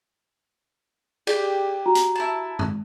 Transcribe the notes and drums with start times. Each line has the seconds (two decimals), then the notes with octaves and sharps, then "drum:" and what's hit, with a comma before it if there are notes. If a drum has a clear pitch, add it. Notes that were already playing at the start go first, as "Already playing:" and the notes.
1.27 G4 G#4 D5, drum: cymbal
1.86 F#4 A#5
1.95 drum: hi-hat
2.15 E4 A5
2.59 drum: tom G2